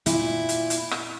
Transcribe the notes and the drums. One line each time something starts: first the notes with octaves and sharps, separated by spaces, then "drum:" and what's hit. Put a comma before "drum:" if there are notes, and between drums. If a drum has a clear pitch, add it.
A#2 E4, drum: hi-hat
drum: hi-hat
drum: hi-hat
drum: rim click